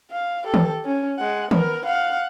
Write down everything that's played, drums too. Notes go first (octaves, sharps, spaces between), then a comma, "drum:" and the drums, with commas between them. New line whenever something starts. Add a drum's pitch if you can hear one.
F5
G4 A4
drum: tom D#3
C#4
G#3 F#5
B3 A#4, drum: tom D#3
F5 F#5